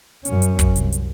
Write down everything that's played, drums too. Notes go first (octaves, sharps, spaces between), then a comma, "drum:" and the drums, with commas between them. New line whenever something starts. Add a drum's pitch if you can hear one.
F#2 C#4, drum: hi-hat
drum: hi-hat
drum: kick, hi-hat
C2, drum: hi-hat
drum: hi-hat